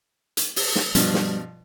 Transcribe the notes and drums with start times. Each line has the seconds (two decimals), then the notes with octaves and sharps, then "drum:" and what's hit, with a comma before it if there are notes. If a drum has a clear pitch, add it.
0.37 drum: hi-hat
0.56 drum: open hi-hat
0.76 drum: snare
0.95 G2 B2 F3 G3, drum: hi-hat
1.14 drum: snare